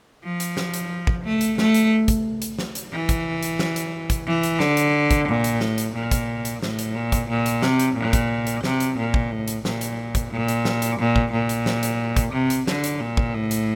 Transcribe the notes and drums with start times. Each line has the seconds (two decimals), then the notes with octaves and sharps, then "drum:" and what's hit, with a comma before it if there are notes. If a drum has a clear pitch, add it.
0.24 F3
0.40 drum: hi-hat
0.57 drum: snare
0.74 drum: hi-hat
1.07 drum: kick
1.25 A3
1.41 drum: hi-hat
1.58 A3, drum: snare
1.74 drum: hi-hat
2.08 drum: kick, hi-hat
2.42 drum: hi-hat
2.59 drum: snare
2.75 drum: hi-hat
2.92 E3
3.09 drum: kick, hi-hat
3.43 drum: hi-hat
3.59 drum: snare
3.76 drum: hi-hat
4.10 drum: kick, hi-hat
4.27 E3
4.43 drum: hi-hat
4.60 D3, drum: snare
4.77 drum: hi-hat
5.11 drum: kick, hi-hat
5.28 A#2
5.44 drum: hi-hat
5.60 A2, drum: snare
5.78 drum: hi-hat
5.95 A#2
6.11 drum: kick, hi-hat
6.45 drum: hi-hat
6.62 A2, drum: snare
6.79 drum: hi-hat
6.95 A#2
7.12 drum: kick, hi-hat
7.29 A#2
7.46 drum: hi-hat
7.62 C3, drum: snare
7.80 drum: hi-hat
7.97 A#2
8.13 drum: kick, hi-hat
8.47 drum: hi-hat
8.64 C3, drum: snare
8.80 drum: hi-hat
8.98 A#2
9.14 drum: kick
9.31 A2
9.48 drum: hi-hat
9.65 A#2, drum: snare
9.81 drum: hi-hat
10.15 drum: kick, hi-hat
10.31 A#2
10.48 drum: hi-hat
10.65 drum: snare
10.82 drum: hi-hat
10.99 A#2
11.16 drum: kick
11.32 A#2
11.49 drum: hi-hat
11.66 drum: snare
11.83 drum: hi-hat
12.17 drum: kick, hi-hat
12.33 C3
12.50 drum: hi-hat
12.67 D3, drum: snare
12.84 drum: hi-hat
13.01 A#2
13.17 drum: kick
13.34 A2
13.51 drum: hi-hat